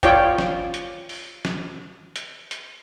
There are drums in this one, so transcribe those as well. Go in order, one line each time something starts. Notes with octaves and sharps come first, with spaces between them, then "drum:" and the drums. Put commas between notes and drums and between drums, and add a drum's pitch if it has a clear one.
F4 C#5 D5 G5, drum: kick, hi-hat
drum: snare
drum: hi-hat
drum: open hi-hat
drum: snare
drum: hi-hat
drum: hi-hat